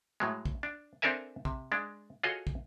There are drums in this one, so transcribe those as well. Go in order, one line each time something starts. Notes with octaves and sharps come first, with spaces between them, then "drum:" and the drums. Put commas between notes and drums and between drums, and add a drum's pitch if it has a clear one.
A2 F#3 G#3
drum: kick
D4
C4 D4 A4 A#4 E5 G#5
C3, drum: kick
G#3 D4
F4 F#4 G#4 A4 C#5 D#5
drum: kick